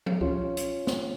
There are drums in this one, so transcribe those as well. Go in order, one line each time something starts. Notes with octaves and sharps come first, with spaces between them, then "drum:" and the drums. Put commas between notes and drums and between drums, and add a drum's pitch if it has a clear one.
drum: tom F3
C#4 F4, drum: kick C#2
drum: hi-hat
drum: snare